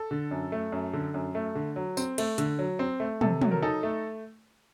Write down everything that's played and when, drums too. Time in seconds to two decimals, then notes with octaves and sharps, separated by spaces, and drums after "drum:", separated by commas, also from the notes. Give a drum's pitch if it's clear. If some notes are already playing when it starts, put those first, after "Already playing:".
Already playing: A4
0.11 D3
0.31 F#2
0.52 A3
0.72 F#2
0.93 D3
1.14 F#2
1.35 A3
1.55 D3
1.76 F#3
1.97 C4, drum: tambourine
2.18 A3, drum: cymbal
2.38 D3, drum: hi-hat
2.59 F#3
2.79 C4
3.00 A3
3.21 C3 A4, drum: tom
3.41 F#3, drum: tom
3.51 A#4
3.62 D#4 A4
3.83 A3